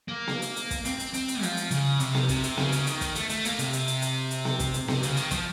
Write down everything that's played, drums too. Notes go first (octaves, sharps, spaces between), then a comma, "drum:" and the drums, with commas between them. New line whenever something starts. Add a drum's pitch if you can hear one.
A#3
drum: snare B3
drum: hi-hat
drum: hi-hat
drum: kick, hi-hat
C4, drum: hi-hat
drum: hi-hat
C4, drum: hi-hat
drum: hi-hat
F3, drum: hi-hat
drum: hi-hat
C#3, drum: hi-hat
C3, drum: hi-hat
drum: snare B3
C3, drum: kick, hi-hat
drum: hi-hat
C#3, drum: snare B3
drum: hi-hat
D#3, drum: hi-hat
drum: kick, hi-hat
A3, drum: hi-hat
A3, drum: hi-hat
A#3, drum: hi-hat
C3, drum: hi-hat
drum: hi-hat
drum: hi-hat
drum: hi-hat
drum: hi-hat
drum: snare B3
drum: kick, hi-hat
drum: hi-hat
C3, drum: snare B3
C#3, drum: hi-hat
D#3, drum: hi-hat
F3, drum: kick, hi-hat